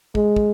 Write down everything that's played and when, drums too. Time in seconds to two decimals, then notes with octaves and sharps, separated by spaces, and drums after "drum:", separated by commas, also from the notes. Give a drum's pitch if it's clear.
0.15 G#3, drum: kick
0.36 drum: kick